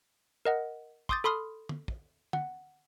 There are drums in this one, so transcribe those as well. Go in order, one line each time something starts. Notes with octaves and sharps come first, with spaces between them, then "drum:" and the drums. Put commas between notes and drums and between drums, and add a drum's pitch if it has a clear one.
A#4 D#5 F#5
C6 D6 D#6 G6 A6, drum: kick
A4 B5 C6 D#6 F6
drum: tom
drum: kick
F#5, drum: tom